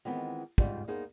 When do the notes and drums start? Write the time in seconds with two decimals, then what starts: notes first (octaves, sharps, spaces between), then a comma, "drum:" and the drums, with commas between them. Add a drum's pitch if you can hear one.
0.05 D#3 E3 G#3 B3 C4 F4
0.58 G#2 C#3 G3 F4, drum: kick
0.88 A#3 B3 D#4 G#4 C5